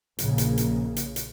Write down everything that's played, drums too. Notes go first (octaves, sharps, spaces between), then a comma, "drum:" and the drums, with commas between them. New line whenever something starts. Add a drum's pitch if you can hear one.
A#1 C#3 A#3, drum: hi-hat
drum: hi-hat
drum: hi-hat
drum: hi-hat
drum: hi-hat